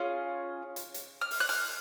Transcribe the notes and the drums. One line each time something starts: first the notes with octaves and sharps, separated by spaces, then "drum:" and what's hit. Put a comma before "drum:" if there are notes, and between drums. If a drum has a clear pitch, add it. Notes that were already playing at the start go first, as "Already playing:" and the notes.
Already playing: C#4 F4 G#4
drum: hi-hat
drum: hi-hat
F6
drum: open hi-hat
F#6
F6, drum: open hi-hat